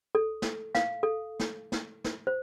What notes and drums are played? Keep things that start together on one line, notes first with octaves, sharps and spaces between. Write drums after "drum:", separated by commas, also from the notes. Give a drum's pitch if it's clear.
A4
drum: snare
F5, drum: snare
A4
drum: snare
drum: snare
drum: snare
C5